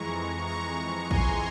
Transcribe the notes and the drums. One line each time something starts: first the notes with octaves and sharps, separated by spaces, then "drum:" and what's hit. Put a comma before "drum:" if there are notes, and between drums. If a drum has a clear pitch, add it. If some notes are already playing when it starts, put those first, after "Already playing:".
Already playing: F2 E3 G#3 A#5 C#6
A#5 C#6
G#5 C6, drum: kick A#1